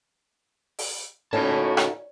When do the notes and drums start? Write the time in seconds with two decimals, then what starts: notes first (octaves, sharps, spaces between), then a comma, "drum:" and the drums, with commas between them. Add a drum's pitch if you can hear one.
0.79 drum: open hi-hat
1.33 A2 C#4 D#4 F4 F#4 A#4 A5
1.77 drum: rim click